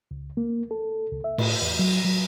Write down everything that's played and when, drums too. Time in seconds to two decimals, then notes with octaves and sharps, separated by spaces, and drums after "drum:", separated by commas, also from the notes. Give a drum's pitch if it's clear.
0.11 C#2
0.37 A#3
0.71 A4
1.12 C#2
1.24 E5
1.38 A2, drum: cymbal
1.62 E2
1.79 F#3
2.05 F#3